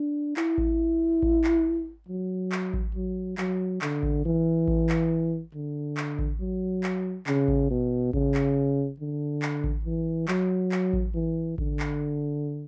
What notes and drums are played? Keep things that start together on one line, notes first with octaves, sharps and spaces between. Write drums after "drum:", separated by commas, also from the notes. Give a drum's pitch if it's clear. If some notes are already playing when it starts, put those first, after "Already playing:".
Already playing: D4
E4, drum: clap
drum: kick A1
drum: kick A1
drum: clap
F#3
drum: clap
drum: kick A1
F#3
F#3, drum: clap
D3, drum: clap
drum: kick A1
E3
drum: kick A1
drum: clap
D3
drum: clap
drum: kick A1
F#3
drum: clap
C#3, drum: clap
drum: kick A1
B2
C#3, drum: kick A1
drum: clap
D3
drum: clap
drum: kick A1
E3
F#3, drum: clap
drum: clap
drum: kick A1
E3
D3, drum: kick A1
drum: clap